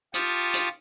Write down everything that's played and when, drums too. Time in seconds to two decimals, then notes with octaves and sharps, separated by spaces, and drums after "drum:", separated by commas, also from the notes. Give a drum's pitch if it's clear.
0.14 F4 G4 A5 C#6 D#6, drum: hi-hat
0.54 drum: hi-hat